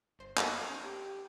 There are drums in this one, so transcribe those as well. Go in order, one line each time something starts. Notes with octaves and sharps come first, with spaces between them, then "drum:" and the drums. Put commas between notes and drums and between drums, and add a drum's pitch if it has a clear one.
G1 G2 C5
F#2 G3, drum: clap
C#4
G4